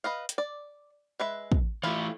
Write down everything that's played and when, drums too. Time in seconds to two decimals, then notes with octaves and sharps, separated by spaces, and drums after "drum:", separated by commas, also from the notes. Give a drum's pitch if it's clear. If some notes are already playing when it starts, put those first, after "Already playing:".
0.04 B4 D#5 F5
0.29 drum: hi-hat
0.38 D5
1.20 G#3 B4 E5
1.52 drum: kick
1.83 E3 A3 E4 F4 G4